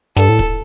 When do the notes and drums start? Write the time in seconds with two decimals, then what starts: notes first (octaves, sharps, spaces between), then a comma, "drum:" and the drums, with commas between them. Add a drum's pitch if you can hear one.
0.17 G2 A4, drum: snare
0.29 A2
0.39 drum: kick